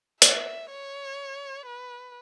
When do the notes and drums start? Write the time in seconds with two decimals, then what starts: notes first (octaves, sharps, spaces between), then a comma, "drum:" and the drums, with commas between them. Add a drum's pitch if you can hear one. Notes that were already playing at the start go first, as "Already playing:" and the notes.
0.22 E5, drum: hi-hat
0.70 C#5
1.66 B4